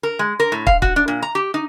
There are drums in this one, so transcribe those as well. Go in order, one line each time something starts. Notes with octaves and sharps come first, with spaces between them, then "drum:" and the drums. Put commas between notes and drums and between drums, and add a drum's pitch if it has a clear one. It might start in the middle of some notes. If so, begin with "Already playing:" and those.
A#4
G#3
A#4
A2
F5, drum: kick
F#4, drum: kick
D4
A#2
A#5
G4
D#4